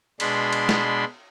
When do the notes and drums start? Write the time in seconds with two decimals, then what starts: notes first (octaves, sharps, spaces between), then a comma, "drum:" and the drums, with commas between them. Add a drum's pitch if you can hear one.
0.20 B2 G#3 D4 B5 C6, drum: cymbal
0.53 drum: cymbal
0.69 drum: snare